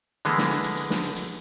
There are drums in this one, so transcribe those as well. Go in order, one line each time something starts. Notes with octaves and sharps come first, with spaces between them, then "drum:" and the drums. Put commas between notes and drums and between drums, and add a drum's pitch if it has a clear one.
D3 E3 G#3 A#3 B3, drum: hi-hat
drum: snare
drum: hi-hat
drum: hi-hat
drum: hi-hat
drum: snare
drum: hi-hat
drum: hi-hat